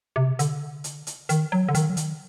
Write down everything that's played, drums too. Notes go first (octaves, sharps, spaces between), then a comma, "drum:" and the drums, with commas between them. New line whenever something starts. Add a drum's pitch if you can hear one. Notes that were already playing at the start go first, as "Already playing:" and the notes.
C3
D3, drum: hi-hat
drum: hi-hat
drum: hi-hat
D#3, drum: hi-hat
F#3
D3
D#3, drum: hi-hat
F#3
D#3, drum: hi-hat